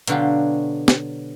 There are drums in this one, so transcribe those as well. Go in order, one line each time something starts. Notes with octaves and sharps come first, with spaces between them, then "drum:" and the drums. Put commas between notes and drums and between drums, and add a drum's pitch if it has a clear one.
B2 D3 F#3 F4 G4, drum: hi-hat
drum: snare